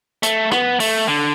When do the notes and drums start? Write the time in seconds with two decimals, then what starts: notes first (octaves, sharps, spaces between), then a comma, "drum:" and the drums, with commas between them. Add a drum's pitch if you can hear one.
0.23 A3, drum: hi-hat
0.52 B3, drum: rim click
0.80 A3, drum: open hi-hat
1.08 D3